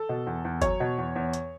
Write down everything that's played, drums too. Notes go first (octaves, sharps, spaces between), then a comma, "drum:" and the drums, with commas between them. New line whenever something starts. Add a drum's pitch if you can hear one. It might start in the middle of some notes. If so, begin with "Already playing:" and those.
Already playing: A4
B2
E2
E2
F#3 C#5, drum: kick G1, hi-hat
B2
E2
E2
drum: hi-hat